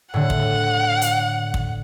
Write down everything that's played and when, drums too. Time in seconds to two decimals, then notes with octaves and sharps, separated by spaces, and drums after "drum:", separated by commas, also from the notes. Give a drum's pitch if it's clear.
0.14 A2 D3 F#5
0.30 drum: kick
1.02 drum: hi-hat
1.54 drum: kick